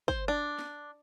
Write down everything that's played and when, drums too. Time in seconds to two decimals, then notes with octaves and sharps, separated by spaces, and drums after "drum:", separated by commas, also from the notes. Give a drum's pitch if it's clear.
0.08 C5, drum: kick
0.28 D4
0.59 drum: snare